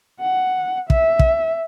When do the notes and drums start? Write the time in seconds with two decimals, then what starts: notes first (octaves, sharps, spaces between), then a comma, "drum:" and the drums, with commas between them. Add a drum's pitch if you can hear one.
0.20 F#5
0.90 E5, drum: kick
1.19 drum: kick